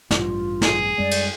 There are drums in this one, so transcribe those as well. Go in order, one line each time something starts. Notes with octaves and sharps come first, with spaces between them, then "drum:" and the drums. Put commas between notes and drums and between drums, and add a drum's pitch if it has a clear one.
A1 G2 F4, drum: snare
G#4, drum: snare
F#2 G3 G#3 D5
drum: cymbal